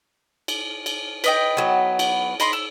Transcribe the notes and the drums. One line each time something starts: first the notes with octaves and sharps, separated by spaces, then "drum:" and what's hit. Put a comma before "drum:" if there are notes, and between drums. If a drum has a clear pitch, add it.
drum: cymbal
drum: cymbal
B4 D#5 G5, drum: cymbal
F#3 B3
drum: cymbal
D#5 B5 C6, drum: cymbal
E6